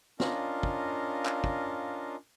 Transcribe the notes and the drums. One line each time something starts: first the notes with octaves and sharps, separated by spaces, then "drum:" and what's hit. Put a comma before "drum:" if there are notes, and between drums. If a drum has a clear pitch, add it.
C#4 D4 F4 A#4 D#5 F5, drum: snare
drum: kick
drum: clap
drum: kick